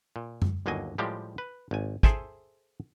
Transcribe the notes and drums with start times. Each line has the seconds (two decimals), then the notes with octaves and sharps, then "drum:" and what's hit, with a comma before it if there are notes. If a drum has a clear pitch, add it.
0.16 A#2
0.42 drum: tom F#2
0.66 G1 D#2 F#3 A#3 D#5 G#5
0.98 A2 F3 G3 G#3 G4
1.38 B4
1.71 G#1 G#5
2.03 G#4 A4 C5 E5 G5 G#5, drum: kick